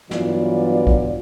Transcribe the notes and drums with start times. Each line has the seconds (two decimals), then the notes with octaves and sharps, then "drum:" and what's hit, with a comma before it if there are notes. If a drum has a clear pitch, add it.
0.11 G2 E3 F#3 B3 F4 D5, drum: snare
0.87 drum: kick